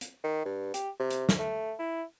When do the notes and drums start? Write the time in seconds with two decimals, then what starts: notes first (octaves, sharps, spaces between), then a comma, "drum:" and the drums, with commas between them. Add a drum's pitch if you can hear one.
0.01 drum: hi-hat
0.24 D#3
0.45 G2
0.74 G4, drum: hi-hat
1.00 C3
1.10 drum: hi-hat
1.29 drum: snare
1.39 A3
1.79 E4